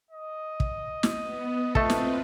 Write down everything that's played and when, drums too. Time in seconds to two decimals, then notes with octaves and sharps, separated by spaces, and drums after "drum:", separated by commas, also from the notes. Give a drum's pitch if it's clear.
0.10 D#5
0.60 drum: kick
1.03 drum: snare
1.23 B3
1.75 A3 C4 F4 A4 B4 D#5, drum: kick
1.90 drum: snare